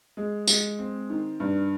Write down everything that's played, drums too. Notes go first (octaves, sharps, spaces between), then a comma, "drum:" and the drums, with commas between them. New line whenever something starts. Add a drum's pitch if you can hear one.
G#3
G#3, drum: tambourine
C4
D#3
G2